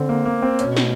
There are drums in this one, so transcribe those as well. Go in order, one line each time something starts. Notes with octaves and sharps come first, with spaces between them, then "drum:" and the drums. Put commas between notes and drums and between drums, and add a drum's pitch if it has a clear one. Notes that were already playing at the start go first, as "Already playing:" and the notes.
Already playing: D3 C4
A#3
A#3
C4
B2 C#4, drum: hi-hat
drum: snare